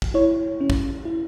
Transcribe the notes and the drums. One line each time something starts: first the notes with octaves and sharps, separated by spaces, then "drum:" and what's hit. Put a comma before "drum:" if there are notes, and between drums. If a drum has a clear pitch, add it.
drum: kick
E4 C#5
C#4
drum: kick
E4